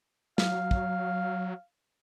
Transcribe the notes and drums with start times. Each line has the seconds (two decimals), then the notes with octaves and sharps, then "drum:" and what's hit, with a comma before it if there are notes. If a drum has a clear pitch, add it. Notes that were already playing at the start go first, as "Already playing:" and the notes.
0.38 F#3 F5, drum: snare
0.71 drum: kick